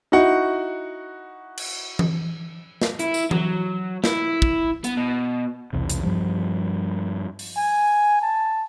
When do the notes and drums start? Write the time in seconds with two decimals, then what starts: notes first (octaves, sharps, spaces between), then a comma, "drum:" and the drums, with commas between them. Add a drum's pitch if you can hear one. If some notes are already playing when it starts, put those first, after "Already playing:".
0.12 D#4 E4 F#4 F#5
1.58 drum: cymbal
1.99 drum: tom E3
2.82 drum: snare
2.99 E4, drum: hi-hat
3.14 drum: tambourine
3.31 F#3, drum: tom E3
4.04 E4, drum: snare
4.42 drum: kick
4.84 B3, drum: hi-hat
4.97 B2
5.73 B1 E2 C3
5.90 drum: hi-hat
6.03 G2 F3 G3
7.39 drum: open hi-hat
7.57 G#5
8.22 A5